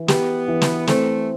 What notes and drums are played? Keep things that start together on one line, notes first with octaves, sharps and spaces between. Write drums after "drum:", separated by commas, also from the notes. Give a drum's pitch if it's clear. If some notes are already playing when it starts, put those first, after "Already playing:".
Already playing: E3
B3 G4, drum: snare
E3
drum: snare
A3 C4, drum: snare